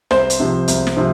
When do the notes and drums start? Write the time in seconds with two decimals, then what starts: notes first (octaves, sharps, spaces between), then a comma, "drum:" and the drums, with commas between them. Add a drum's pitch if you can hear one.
0.11 C2 C5, drum: snare
0.30 drum: hi-hat
0.40 C3 F3
0.68 C2, drum: hi-hat
0.87 drum: snare
0.96 C3 F3